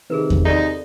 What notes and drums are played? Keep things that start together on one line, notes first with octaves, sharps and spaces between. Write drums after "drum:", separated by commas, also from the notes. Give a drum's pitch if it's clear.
C3 D#3 G#4 A#4 B4
drum: kick E2
D#4 A4 D5